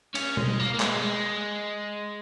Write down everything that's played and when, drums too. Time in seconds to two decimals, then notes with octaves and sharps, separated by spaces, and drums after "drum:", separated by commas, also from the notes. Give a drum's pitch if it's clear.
0.15 C#4, drum: cymbal
0.37 G#3, drum: tom B2
0.59 A#3
0.74 A#3
0.80 G#3, drum: clap
1.02 G#3